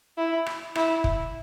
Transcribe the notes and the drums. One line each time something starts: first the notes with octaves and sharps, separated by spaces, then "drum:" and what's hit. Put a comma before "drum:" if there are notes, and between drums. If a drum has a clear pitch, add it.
E4
drum: rim click
E4, drum: rim click
drum: kick